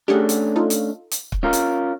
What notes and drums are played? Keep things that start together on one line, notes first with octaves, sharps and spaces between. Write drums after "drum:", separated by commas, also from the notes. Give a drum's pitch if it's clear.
A3 C#4 D4 G4 G#4 F#5
drum: hi-hat
D#4 F4 A4
drum: hi-hat
drum: hi-hat
drum: kick
G#3 A#3 C#4 F4 A#4
drum: hi-hat